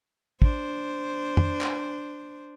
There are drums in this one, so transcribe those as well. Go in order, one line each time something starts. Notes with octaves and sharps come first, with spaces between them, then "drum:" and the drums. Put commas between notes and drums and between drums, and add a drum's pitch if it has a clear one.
D4 C5, drum: kick
drum: tom F2
drum: clap